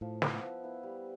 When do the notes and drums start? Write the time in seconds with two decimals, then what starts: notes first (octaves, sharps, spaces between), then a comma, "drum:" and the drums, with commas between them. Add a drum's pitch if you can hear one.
0.01 A2 F3
0.22 B3 E4, drum: snare
0.42 F3
0.63 B3 E4
0.83 G3